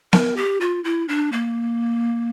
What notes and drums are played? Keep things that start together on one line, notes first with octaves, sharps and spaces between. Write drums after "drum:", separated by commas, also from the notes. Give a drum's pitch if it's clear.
A#4, drum: snare B3
G4
F4
E4
D4
A#3